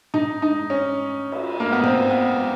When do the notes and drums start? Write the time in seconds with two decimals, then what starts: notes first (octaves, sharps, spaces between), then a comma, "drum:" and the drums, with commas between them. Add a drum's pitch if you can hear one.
0.14 D#4, drum: tom
0.42 D#4
0.70 C#4
1.32 drum: cymbal
1.60 A#3
1.72 B3
1.83 C4, drum: tom
2.11 B3